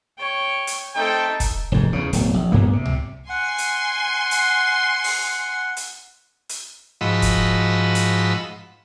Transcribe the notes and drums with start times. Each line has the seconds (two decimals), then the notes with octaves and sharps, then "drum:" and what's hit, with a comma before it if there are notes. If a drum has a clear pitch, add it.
0.18 C#5 G5
0.67 drum: hi-hat
0.95 A3 C4 D#4 A4 G5
1.40 drum: kick, hi-hat
1.72 F1 G#2
1.93 E2 C#3
2.13 D1 B1, drum: hi-hat
2.34 A#1
2.52 D#1 G2 A#3 B3
2.73 C3
2.85 drum: tom C2
3.29 F#5 G#5 C6
3.58 drum: hi-hat
4.31 drum: hi-hat
5.04 drum: open hi-hat
5.77 drum: hi-hat
6.49 drum: hi-hat
7.01 G#2 F3 F#4 D#5 B5 E6
7.22 drum: kick, hi-hat
7.95 drum: hi-hat